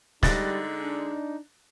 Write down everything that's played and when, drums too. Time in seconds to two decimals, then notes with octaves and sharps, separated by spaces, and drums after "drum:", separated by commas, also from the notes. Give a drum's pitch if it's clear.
0.23 D3 G3 G#3 D#4 F#6 A6 A#6, drum: snare
0.82 D4